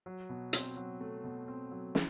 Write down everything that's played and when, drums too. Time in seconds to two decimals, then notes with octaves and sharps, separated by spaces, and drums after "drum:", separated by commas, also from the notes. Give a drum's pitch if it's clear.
0.06 F#3
0.29 B2
0.53 C4, drum: hi-hat
0.77 F#3
1.01 A3
1.24 B2
1.48 C4
1.71 F#3
1.95 E4, drum: snare